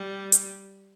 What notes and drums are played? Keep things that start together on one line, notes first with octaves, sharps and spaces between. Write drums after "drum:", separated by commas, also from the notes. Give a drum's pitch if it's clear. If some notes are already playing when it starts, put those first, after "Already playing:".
Already playing: G3
drum: hi-hat